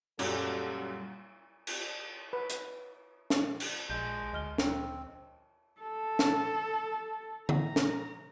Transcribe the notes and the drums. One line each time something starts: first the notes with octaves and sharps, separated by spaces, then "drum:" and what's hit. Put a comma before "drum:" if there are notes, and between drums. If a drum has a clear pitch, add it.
F#2 A#2 G3 A4, drum: cymbal
drum: cymbal
B4
drum: hi-hat
drum: snare
drum: cymbal
A#1 G#3 G6
D2 D#5 F6 G7
C4, drum: snare
A4
drum: snare
A#5, drum: tom D3
drum: snare